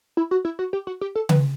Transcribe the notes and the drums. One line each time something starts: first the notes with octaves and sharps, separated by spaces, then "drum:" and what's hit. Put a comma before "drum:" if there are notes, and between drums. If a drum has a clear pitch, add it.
E4
F#4
E4
F#4
G4
F#4
G4
A4
B4, drum: tom C#3